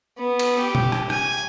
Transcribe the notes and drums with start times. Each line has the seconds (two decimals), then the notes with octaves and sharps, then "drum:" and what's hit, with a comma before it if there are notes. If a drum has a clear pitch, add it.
0.18 B3
0.39 drum: cymbal
0.60 G4
0.75 drum: tom B2
0.92 drum: rim click
1.10 G#5, drum: rim click